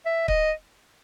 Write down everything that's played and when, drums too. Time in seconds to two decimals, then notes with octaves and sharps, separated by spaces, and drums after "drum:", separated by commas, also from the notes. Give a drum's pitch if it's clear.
0.06 E5
0.28 D#5, drum: kick C#1